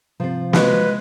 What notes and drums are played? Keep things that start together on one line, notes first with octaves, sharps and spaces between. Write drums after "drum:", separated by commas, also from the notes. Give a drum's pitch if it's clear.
C3 F3 C4 C5
G#3 B4, drum: snare